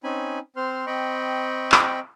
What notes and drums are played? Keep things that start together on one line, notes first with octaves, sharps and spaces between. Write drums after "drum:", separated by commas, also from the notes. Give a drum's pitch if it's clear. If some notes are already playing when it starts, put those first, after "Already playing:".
C4 C#4 D#4 G#5 B5
C4 C5 C6 F6
C4 D#5 G5 B5 C#6
drum: clap